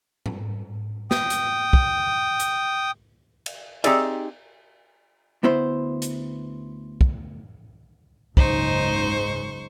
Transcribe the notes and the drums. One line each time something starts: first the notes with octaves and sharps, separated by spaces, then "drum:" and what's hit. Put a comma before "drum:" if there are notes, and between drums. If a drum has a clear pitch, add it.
drum: tom G#2
G5 D#6, drum: snare
drum: hi-hat
drum: kick
drum: hi-hat
drum: cymbal
C4 D#4 G4 G#4 D5 E5, drum: cymbal
D2 B3 E4 C5
drum: hi-hat
drum: kick
F#1 C#2 G#2 G#3 D#4 C5 C#6, drum: kick